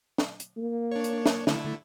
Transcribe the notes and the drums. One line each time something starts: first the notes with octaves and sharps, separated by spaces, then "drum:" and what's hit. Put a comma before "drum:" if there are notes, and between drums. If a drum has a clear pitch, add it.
drum: snare
drum: hi-hat
A#3
D4 C#5
drum: hi-hat
drum: snare
D3 A3 E4, drum: snare